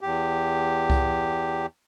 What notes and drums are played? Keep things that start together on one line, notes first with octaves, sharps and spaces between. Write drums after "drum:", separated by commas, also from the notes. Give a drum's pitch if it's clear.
E2 G4
drum: kick C2